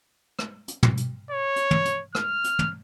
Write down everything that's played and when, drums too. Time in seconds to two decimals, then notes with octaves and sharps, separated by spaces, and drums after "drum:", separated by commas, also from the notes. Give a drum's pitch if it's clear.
0.39 drum: rim click
0.68 drum: hi-hat
0.83 drum: tom
0.97 drum: hi-hat
1.31 C#5
1.56 drum: hi-hat
1.71 drum: tom
1.85 drum: hi-hat
2.15 F6, drum: rim click
2.44 drum: hi-hat
2.59 drum: tom